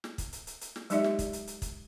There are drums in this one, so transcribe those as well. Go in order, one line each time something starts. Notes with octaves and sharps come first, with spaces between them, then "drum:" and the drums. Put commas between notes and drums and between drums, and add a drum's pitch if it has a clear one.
drum: snare
drum: kick, hi-hat
drum: hi-hat
drum: hi-hat
drum: hi-hat
drum: snare
F#3 G#3 D#4 G4 D5 E5, drum: hi-hat
drum: snare
drum: kick, hi-hat
drum: hi-hat
drum: hi-hat
drum: kick, hi-hat